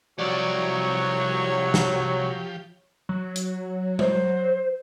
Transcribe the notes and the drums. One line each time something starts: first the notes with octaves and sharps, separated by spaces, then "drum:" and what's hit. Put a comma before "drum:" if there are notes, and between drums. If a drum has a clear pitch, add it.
C2 F3 F#3 G4 C#5 D5
drum: snare
F#3
drum: hi-hat
C5, drum: tom G3